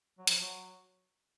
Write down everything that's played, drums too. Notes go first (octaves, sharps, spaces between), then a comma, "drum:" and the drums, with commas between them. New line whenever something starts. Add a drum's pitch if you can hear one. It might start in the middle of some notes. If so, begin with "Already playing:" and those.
F#3
F3, drum: hi-hat
F#3